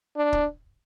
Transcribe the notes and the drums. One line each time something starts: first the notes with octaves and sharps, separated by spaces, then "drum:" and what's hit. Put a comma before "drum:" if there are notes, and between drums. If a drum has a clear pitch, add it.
D4
drum: kick